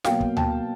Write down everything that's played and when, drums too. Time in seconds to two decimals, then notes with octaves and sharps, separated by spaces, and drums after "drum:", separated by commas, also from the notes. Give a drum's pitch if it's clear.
0.04 B2 F#3 A#3 F5 G5, drum: snare
0.21 drum: kick
0.37 G5 A5, drum: tom D2